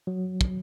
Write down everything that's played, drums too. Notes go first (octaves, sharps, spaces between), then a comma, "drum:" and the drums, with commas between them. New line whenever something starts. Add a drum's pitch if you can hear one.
F#3
drum: kick